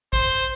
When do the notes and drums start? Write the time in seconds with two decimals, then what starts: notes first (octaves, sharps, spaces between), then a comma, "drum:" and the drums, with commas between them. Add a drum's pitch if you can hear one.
0.13 C5, drum: kick